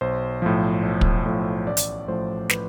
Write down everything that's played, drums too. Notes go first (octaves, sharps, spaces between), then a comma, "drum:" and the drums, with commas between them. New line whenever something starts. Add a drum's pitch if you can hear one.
B1 C5
A2 F3
B1
drum: kick
A2 F3
A1 D5
drum: hi-hat
A2 F3 C5
B4, drum: snare